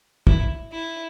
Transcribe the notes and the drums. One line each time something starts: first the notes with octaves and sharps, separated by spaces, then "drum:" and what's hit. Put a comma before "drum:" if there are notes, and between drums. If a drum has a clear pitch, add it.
E4, drum: kick
E4